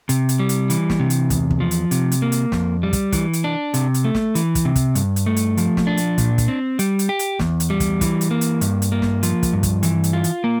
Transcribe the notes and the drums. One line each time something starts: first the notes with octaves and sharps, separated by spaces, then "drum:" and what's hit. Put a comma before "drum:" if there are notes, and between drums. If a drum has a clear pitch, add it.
C3, drum: hi-hat
drum: hi-hat
G3
drum: hi-hat
E3, drum: hi-hat
drum: snare
C3
drum: hi-hat
E2, drum: kick, hi-hat
drum: kick
F3
drum: hi-hat
C3, drum: hi-hat
drum: hi-hat
A#3
drum: hi-hat
F2, drum: snare
G3
drum: kick, hi-hat
E3, drum: kick, hi-hat
drum: hi-hat
D4
C3, drum: hi-hat
drum: hi-hat
A3
drum: snare
E3, drum: hi-hat
drum: kick, hi-hat
C3
drum: kick, hi-hat
G2, drum: hi-hat
drum: hi-hat
A3
drum: hi-hat
F3, drum: hi-hat
drum: snare
D4
drum: hi-hat
A#2, drum: kick, hi-hat
drum: kick, hi-hat
C4
G3, drum: hi-hat
drum: hi-hat
G4
drum: hi-hat
E2, drum: snare
drum: hi-hat
G3
drum: kick, hi-hat
E3, drum: kick, hi-hat
drum: hi-hat
A#3
drum: hi-hat
G2, drum: hi-hat
drum: hi-hat
A#3
drum: snare
F3, drum: hi-hat
drum: kick, hi-hat
G2
drum: kick, hi-hat
E3, drum: hi-hat
drum: hi-hat
F4
drum: hi-hat
A#3